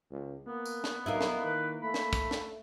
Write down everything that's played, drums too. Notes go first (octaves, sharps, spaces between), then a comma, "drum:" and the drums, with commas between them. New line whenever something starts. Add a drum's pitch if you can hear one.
C#2
A#3 B3
drum: tambourine
drum: snare
B1 A#3 D#4 E4
drum: snare
D#3 B4
A3 B5
drum: snare
drum: kick, tambourine
drum: snare